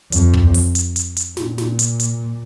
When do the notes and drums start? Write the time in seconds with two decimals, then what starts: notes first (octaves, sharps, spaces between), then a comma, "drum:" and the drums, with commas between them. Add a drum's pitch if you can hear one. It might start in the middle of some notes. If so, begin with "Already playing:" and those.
0.12 F2, drum: hi-hat
0.34 drum: kick
0.54 drum: open hi-hat
0.75 drum: hi-hat
0.96 drum: hi-hat
1.17 drum: hi-hat
1.37 A#2, drum: snare
1.58 drum: snare
1.79 drum: hi-hat
2.00 drum: hi-hat